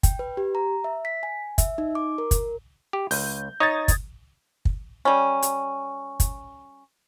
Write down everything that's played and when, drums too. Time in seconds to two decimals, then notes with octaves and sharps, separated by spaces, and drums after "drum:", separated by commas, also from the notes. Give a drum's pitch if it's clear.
0.03 G5, drum: kick, hi-hat
0.19 B4
0.37 G4
0.55 A#5
0.84 E5
1.05 B6
1.23 G#5
1.58 E5, drum: kick, hi-hat
1.78 D#4
1.95 D6
2.18 A#4
2.31 A#4, drum: kick, hi-hat
2.93 G4
3.11 C#2 G6, drum: open hi-hat
3.60 D#4 C#5 D#6 G#6 A6
3.88 drum: kick, hi-hat
4.65 drum: kick
5.05 G3 C#4
5.42 drum: hi-hat
6.20 drum: kick, hi-hat